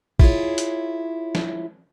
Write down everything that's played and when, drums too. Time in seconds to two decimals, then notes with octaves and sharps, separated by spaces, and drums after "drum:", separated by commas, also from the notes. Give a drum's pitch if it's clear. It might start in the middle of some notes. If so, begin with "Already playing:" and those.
0.19 E4 F4 G#4 C#5, drum: kick
0.58 drum: hi-hat
1.35 drum: snare